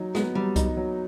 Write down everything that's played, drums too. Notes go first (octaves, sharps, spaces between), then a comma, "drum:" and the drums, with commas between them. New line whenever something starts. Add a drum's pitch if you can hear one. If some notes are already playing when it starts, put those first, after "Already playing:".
Already playing: F#3 D#4
G#3 B3, drum: snare
F#3 G3
D#4, drum: kick C2, hi-hat
F#3